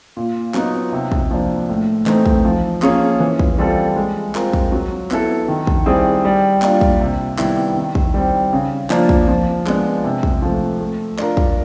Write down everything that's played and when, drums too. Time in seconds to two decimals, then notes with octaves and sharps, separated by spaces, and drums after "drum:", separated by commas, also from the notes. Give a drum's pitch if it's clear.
0.17 A#2
0.54 F#3 B3 D#4, drum: clap
0.92 C3
1.12 drum: kick
1.31 F3 A#3 D4
1.69 A2
2.06 E3 A3 C4 D#4, drum: clap
2.26 drum: kick
2.44 F3
2.82 A#3 C#4 F4 G#4, drum: clap
3.20 E3
3.40 drum: kick
3.59 G3 C4 F4 A4
3.96 G#3
4.35 C4 F4 A#4, drum: clap
4.53 drum: kick
4.72 F#3
5.11 B3 E4 A4, drum: clap
5.48 D#3
5.67 drum: kick
5.86 G3 C4 E4 G#4
6.25 G3
6.62 A#3 D4 F4, drum: clap
6.81 drum: kick
7.00 C3
7.38 D#3 G3 B3 E4, drum: clap
7.76 D#3
7.95 drum: kick
8.14 G3 C4
8.53 C#3
8.90 F3 A#3 D4 F4, drum: clap
9.09 drum: kick
9.28 F3
9.66 G#3 B3 D4, drum: clap
10.04 C3
10.23 drum: kick
10.42 F3 A3
10.81 A3
11.18 D4 F4 A#4, drum: clap
11.37 drum: kick